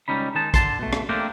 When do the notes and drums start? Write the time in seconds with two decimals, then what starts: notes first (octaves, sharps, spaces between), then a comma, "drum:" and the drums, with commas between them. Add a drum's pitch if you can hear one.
0.08 C#2 G3 C#4 D#4 B5
0.35 D#3 G#3 D#4 A5
0.54 D3 A5 C6, drum: kick B1, hi-hat
0.79 B2 A3
0.93 drum: rim click
1.09 A3 A#3 C4 D4 G4 A#4